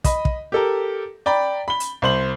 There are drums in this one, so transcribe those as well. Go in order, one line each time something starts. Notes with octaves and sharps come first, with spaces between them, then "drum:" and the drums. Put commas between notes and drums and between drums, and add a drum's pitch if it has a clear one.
D#5 B5, drum: kick, hi-hat
drum: kick
G4 A4 A#4
D5 G5 A#5 B5
B5 G7
drum: hi-hat
C2 C5 F#7